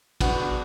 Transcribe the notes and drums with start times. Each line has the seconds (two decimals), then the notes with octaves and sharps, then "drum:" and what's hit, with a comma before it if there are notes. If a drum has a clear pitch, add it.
0.21 B3 D4 F#4, drum: kick, cymbal